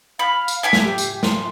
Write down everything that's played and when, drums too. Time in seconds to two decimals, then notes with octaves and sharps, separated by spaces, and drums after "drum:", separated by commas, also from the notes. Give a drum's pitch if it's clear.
0.19 F5 B5
0.48 drum: tambourine
0.63 E5 G#5 D6
0.73 drum: snare
0.85 G4
0.98 drum: tambourine
1.23 C6, drum: snare